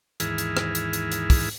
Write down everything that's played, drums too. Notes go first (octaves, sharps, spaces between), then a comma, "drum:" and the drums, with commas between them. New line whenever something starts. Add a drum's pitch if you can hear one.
D#2 G#2 E3 E4 G#4 F6, drum: hi-hat
drum: hi-hat
drum: rim click
drum: hi-hat
drum: hi-hat
drum: hi-hat
drum: kick, open hi-hat